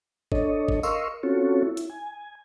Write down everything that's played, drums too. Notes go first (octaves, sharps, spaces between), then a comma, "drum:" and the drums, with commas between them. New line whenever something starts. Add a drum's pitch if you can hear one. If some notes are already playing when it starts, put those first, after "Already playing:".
D4 A4 C#5 D#5, drum: kick G1
drum: kick G1
A#4 D#5 F5 C6 C#6 E6, drum: tambourine
C4 C#4 F4 F#4 A4 C#5
E4
drum: hi-hat
G#5